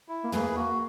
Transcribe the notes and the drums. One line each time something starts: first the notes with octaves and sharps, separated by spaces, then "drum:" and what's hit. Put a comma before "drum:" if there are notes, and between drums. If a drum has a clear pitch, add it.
E4
A#3
A3 G#4 B4, drum: tom
A#3
A#3 F#4